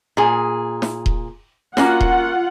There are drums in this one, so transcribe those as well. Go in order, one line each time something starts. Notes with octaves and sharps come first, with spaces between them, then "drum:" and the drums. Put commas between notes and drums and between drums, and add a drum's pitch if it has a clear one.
A#2 G#4
drum: snare
drum: kick D#1
A#3 C#4 F4 F#4 F#5, drum: snare
drum: kick D#1